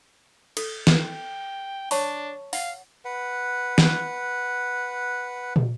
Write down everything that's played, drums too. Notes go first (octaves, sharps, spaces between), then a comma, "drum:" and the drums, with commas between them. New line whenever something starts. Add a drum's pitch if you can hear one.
A4, drum: cymbal
drum: snare
G5
D4 C#5 A5 C#6, drum: open hi-hat
F5 F#5, drum: open hi-hat
B4 F#5
drum: snare
drum: tom